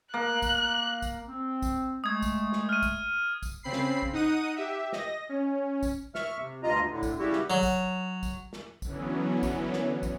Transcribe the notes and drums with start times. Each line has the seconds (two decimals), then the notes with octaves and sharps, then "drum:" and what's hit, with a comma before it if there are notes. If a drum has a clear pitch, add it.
0.14 A#3 F#6
0.42 drum: kick, tambourine
1.02 drum: kick, tambourine
1.27 C4
1.62 drum: kick, tambourine
2.04 G#3 A3 D#6 G#6
2.22 drum: kick, tambourine
2.52 drum: snare
2.69 F6 D#7
2.82 drum: kick, tambourine
3.43 drum: kick, tambourine
3.63 C#3 C4 B5 C7
3.73 drum: snare
4.03 drum: kick
4.13 D#4 F#5 D#6 D#7
4.56 G4 E5
4.93 D#5 A#6, drum: snare
5.29 C#4
5.83 drum: kick, tambourine
6.15 E5 C#6 F6, drum: snare
6.39 C3
6.63 D2 G2 F4 D#5 A#5
6.90 A2 D3
7.03 drum: kick, tambourine
7.19 C#3 G3 E4 F#4 G4
7.33 drum: snare
7.50 F#3
7.63 drum: kick, tambourine
8.23 drum: kick, tambourine
8.53 drum: snare
8.82 D3 E3 F#3 B3 C#4, drum: kick, tambourine
9.43 drum: kick, tambourine
9.73 drum: snare
10.03 drum: kick, tambourine